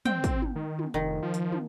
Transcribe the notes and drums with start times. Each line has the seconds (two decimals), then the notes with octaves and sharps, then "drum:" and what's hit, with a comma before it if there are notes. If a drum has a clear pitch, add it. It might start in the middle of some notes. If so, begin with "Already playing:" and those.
0.05 C4 G5, drum: tom
0.24 drum: kick, hi-hat
0.42 drum: tom
0.56 D#3
0.79 drum: tom
0.94 F1 D#3
1.23 F3
1.34 drum: hi-hat
1.52 drum: tom